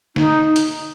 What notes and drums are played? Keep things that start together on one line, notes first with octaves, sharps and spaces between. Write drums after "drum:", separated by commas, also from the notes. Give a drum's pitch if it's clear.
D#4, drum: snare
drum: hi-hat